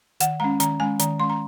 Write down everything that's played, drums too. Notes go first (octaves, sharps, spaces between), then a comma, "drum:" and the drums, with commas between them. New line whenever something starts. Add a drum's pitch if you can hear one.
D#3 F#5, drum: hi-hat
G#3 C#4 A#5
D#3 A#5, drum: hi-hat
G#3 C#4 G#5
D#3 A#5, drum: hi-hat
G#3 C#4 C6
A#5